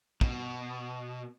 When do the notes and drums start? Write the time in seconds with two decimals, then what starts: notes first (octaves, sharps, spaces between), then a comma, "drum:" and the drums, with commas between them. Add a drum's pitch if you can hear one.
0.21 B2, drum: kick